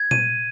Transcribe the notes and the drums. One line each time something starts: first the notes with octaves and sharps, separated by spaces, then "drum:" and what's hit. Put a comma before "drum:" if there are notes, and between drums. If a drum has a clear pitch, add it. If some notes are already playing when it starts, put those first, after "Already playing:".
Already playing: G#6
D#7, drum: tom A#2